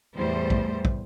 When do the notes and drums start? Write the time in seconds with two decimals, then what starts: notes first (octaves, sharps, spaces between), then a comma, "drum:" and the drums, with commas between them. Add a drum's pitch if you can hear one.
0.16 E2 A2 G3 A3 C5
0.50 drum: kick
0.85 drum: kick